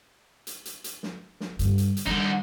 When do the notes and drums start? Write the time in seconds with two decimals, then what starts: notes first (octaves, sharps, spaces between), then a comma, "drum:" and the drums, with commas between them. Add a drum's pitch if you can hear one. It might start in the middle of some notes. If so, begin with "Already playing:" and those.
0.47 drum: hi-hat
0.65 drum: hi-hat
0.84 drum: hi-hat
1.03 drum: snare
1.40 drum: snare
1.59 G2 D3, drum: hi-hat
1.78 drum: hi-hat
1.97 drum: hi-hat
2.07 D3 D#3 G3 D#4